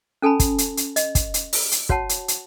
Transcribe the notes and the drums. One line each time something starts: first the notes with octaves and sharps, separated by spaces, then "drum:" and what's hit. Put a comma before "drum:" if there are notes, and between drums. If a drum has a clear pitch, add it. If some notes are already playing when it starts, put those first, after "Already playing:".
C#4 A4 G#5 A5 B5
drum: kick, hi-hat
drum: hi-hat
drum: hi-hat
D#5, drum: hi-hat
drum: kick, hi-hat
drum: hi-hat
drum: open hi-hat
drum: hi-hat
F#4 C#5 F#5 A5, drum: kick
drum: hi-hat
drum: hi-hat